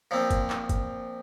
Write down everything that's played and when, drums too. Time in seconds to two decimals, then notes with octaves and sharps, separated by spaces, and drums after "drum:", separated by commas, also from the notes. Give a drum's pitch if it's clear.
0.11 A#2 F3 C4
0.30 drum: kick F#1, hi-hat
0.50 drum: clap
0.69 drum: kick F#1, hi-hat